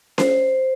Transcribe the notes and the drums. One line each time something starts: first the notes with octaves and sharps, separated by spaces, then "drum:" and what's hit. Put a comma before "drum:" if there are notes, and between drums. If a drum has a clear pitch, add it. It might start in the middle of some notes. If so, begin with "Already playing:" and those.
C5, drum: snare C#4